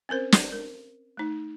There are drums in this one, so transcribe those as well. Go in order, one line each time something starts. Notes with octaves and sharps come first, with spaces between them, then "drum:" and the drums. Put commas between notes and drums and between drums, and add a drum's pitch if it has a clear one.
C4 C#4 A#4 C5
drum: snare
A#4
A3 D#4